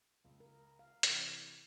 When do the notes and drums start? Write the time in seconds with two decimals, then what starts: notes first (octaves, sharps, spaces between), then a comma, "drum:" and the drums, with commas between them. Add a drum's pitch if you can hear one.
0.24 C#2
0.40 A#4
0.79 F5
1.03 C3 E3, drum: hi-hat